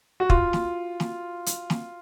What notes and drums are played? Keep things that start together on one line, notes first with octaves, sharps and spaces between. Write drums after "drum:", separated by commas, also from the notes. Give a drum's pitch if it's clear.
F#4
F4, drum: kick
drum: snare
drum: snare
drum: hi-hat
drum: snare